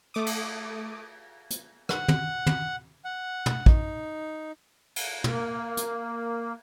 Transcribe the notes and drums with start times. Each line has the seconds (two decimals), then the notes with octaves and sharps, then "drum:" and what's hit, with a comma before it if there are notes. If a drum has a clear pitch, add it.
0.14 A3 D6 D#6
0.26 drum: cymbal
1.50 drum: hi-hat
1.89 F#5, drum: rim click
2.08 drum: tom
2.47 drum: tom
3.05 F#5
3.46 drum: tom
3.66 D#4, drum: kick
4.96 drum: cymbal
5.24 A#3, drum: tom
5.77 drum: hi-hat